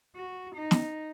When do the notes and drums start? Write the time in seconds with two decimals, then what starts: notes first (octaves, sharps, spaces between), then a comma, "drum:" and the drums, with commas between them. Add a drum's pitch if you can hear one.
0.16 F#4
0.56 D#4
0.71 drum: snare